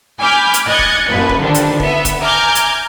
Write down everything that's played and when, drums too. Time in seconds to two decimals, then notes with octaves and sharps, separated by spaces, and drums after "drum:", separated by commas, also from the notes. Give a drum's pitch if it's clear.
0.20 G#5 B5 D6 F6 G6
0.54 drum: hi-hat
0.67 D#5 F#6 G#6 A6 C#7
0.79 drum: kick
1.09 A1 F#2 A#2 B4
1.29 drum: kick
1.38 D3 D#3 F3 G3 D4
1.54 drum: hi-hat
1.80 B3 E5, drum: kick
2.05 drum: kick, hi-hat
2.21 G#5 A#5 D6 F6 G6 G#6
2.55 drum: hi-hat